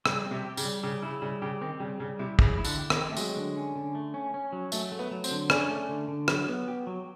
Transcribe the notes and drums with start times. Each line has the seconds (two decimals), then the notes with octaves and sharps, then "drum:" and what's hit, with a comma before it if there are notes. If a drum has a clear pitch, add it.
0.06 C#3 G3, drum: rim click
0.25 C4
0.31 C3
0.45 G4
0.57 C#3, drum: tambourine
0.64 G3
0.83 C#3 G4
1.02 C#3 E4
1.22 C#3 G3
1.42 C#3 G4
1.61 D#3 C4
1.80 C#3 G3
2.00 C#3 G3
2.19 C3 E4
2.39 C#3 E4, drum: kick
2.58 E4
2.65 D3, drum: tambourine
2.78 G4
2.90 D#3, drum: rim click
2.97 C4
3.12 A3
3.17 F#3 G#3, drum: tambourine
3.37 D3
3.56 C#4
3.76 D3
3.95 A3
4.14 C#4
4.34 C#4
4.52 F#3
4.72 F#3 A3, drum: tambourine
4.92 A3
4.99 B3
5.11 F#3
5.24 C4, drum: tambourine
5.31 D3
5.50 C#4 D4, drum: rim click
5.70 A3
5.89 D3
6.08 D3
6.28 F#3, drum: rim click
6.48 B3
6.68 G4
6.87 F#3